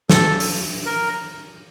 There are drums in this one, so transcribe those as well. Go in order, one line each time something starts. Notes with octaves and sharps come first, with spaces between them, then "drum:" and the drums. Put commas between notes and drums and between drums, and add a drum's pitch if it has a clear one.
A4, drum: snare
drum: open hi-hat
A#4